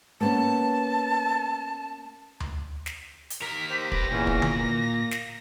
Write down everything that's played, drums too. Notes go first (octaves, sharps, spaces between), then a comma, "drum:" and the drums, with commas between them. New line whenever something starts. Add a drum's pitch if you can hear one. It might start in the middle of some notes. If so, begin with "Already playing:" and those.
A#3 B3 C#4 A5
drum: tom D2
drum: snare
drum: hi-hat
D#2 A#4 B6
G4 C5
B4 D5 A#6, drum: kick
E2 A#2 E3 C#4
drum: kick
drum: tom D3
A#3
drum: snare